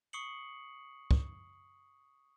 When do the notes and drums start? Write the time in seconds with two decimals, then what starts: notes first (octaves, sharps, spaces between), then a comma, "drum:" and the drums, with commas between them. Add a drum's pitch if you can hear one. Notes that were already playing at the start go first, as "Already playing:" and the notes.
0.13 C#6 D#6 C7 C#7 F#7
1.11 drum: kick